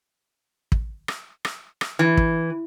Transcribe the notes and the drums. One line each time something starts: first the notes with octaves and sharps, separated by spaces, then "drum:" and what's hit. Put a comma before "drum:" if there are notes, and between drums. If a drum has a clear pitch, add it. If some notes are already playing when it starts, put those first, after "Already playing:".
drum: kick
drum: rim click
drum: rim click
drum: rim click
E3
drum: kick